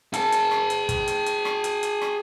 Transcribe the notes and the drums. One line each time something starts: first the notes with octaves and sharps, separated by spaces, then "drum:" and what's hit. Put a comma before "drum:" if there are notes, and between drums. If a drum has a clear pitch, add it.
G#4 A5, drum: hi-hat
drum: hi-hat
drum: rim click
drum: hi-hat
drum: kick, hi-hat
drum: hi-hat
drum: hi-hat
drum: rim click
drum: hi-hat
drum: hi-hat
drum: rim click